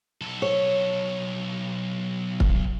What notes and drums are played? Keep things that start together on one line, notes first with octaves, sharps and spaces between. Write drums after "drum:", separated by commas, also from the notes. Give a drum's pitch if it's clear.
B1 A4
C#5
drum: kick